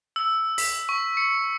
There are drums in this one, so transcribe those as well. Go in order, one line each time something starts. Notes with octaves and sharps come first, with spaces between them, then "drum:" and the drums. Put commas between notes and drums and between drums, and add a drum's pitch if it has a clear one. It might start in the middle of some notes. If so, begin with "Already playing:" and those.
E6
B6, drum: open hi-hat
C#6
C#7